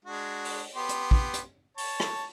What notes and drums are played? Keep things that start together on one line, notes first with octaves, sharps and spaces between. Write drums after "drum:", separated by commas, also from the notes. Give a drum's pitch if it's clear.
G#3 D4 F#4
drum: open hi-hat
B3 G4 C6
drum: hi-hat
drum: kick
drum: hi-hat
C#5 A5, drum: open hi-hat
drum: rim click